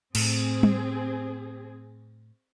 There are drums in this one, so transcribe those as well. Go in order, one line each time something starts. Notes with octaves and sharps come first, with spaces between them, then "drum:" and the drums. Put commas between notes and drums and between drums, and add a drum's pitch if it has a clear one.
A2 C4 G#4, drum: cymbal
drum: tom